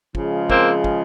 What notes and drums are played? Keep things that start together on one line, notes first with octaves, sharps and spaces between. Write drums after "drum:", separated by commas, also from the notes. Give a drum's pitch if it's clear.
C#3 F3 G#3, drum: kick
A#3 C4, drum: kick
drum: kick